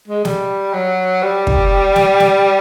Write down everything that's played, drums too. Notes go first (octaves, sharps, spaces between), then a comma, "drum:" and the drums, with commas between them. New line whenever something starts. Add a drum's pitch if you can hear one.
G#3
G3, drum: snare
F#3
G3
drum: kick
drum: snare
drum: snare